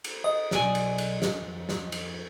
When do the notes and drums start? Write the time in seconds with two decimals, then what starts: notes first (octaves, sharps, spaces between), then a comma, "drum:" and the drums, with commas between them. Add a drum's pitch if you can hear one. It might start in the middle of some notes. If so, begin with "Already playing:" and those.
0.04 drum: cymbal
0.24 D#5
0.51 B1 D5 G#5, drum: snare
0.75 drum: cymbal
0.98 drum: cymbal
1.22 drum: snare
1.41 F2
1.69 drum: snare
1.92 drum: cymbal